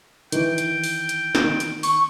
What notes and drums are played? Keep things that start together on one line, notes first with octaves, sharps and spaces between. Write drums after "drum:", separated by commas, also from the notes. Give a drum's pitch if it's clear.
D#3 E3 G5, drum: hi-hat
drum: hi-hat
drum: open hi-hat
drum: hi-hat
drum: snare
D#3
drum: hi-hat
C#6, drum: open hi-hat